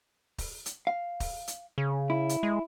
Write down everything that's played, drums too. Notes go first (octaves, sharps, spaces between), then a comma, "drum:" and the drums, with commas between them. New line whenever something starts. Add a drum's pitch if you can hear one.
drum: kick, open hi-hat
drum: hi-hat
F5
drum: kick, open hi-hat
drum: hi-hat
C#3
E4
drum: hi-hat
G#3